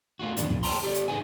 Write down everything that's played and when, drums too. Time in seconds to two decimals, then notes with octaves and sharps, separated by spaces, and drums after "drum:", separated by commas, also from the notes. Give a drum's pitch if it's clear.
0.19 A3 A#3 F4 F#4
0.37 F2 A#2 D#3 B3 D4, drum: hi-hat
0.50 F2 A#2, drum: kick
0.63 C#5 E5 G5 A5 A#5 C6, drum: open hi-hat
0.83 G4 A4 D5
0.94 drum: hi-hat
1.08 D#4 F4 G#4 B4 F#5 G#5